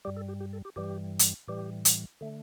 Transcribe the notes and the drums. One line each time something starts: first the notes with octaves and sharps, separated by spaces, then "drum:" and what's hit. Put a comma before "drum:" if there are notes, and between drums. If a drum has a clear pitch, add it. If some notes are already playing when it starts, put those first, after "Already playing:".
G2 G3 G4
A4
G4
G4
A4
G4
G2 E3 G3 G4
drum: hi-hat
A2 E3 G3 G4
drum: hi-hat
D3 A3